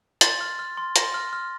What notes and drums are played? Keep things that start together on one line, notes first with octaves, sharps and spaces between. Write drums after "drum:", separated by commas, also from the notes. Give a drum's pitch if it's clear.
C6 A6, drum: hi-hat
F6
F6
C6
C6 A#6, drum: hi-hat
F6
F6